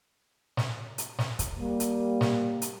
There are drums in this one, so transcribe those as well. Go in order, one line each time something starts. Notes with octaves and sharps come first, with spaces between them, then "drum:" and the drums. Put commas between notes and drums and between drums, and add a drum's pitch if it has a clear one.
drum: snare
drum: hi-hat
drum: snare
drum: kick, hi-hat
G3 A#3
drum: hi-hat
drum: snare
drum: hi-hat